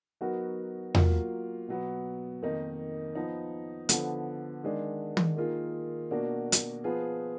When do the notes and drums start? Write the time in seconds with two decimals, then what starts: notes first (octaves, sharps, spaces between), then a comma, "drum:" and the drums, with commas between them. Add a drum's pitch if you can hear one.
0.21 F#3 B3 D#4 F#4 A#4
0.94 F#3 A#3 F4, drum: tom E2
1.68 B2 F#3 B3
2.42 F2 D#3 A#3 D#4
3.15 F3 B3 D#4
3.89 D3 F3 B3, drum: hi-hat
4.64 D#3 G#3 D4
5.17 drum: tom
5.37 D#3 A#3 F4 G#4
6.11 B2 A#3 D4 F#4
6.52 drum: hi-hat
6.84 F3 B3 F4 G#4 B4